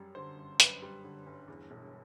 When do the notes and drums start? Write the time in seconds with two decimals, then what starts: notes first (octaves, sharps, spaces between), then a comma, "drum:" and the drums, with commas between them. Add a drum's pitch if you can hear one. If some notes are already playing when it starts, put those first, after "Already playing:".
Already playing: F#2 G3
0.15 D3 C5
0.37 G1
0.60 F#2 B4, drum: hi-hat
0.82 G3
1.04 D3
1.27 G1
1.48 E2
1.71 E1